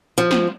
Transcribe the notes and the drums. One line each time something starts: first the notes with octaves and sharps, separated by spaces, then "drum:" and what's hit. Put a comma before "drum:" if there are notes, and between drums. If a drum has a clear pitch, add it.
F3
drum: snare